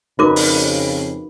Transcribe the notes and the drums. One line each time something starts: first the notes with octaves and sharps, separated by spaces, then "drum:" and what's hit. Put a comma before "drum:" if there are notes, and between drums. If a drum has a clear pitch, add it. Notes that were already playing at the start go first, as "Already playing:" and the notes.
F2 C#3 D#4 F#4 A#4 B4 D6
drum: open hi-hat